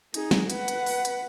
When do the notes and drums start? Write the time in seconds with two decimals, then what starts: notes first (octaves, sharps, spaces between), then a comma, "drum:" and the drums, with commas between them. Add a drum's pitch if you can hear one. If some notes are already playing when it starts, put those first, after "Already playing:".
0.14 D#4 G#4, drum: hi-hat
0.31 drum: snare
0.50 B4 F#5, drum: hi-hat
0.68 drum: hi-hat
0.86 drum: open hi-hat
1.05 drum: hi-hat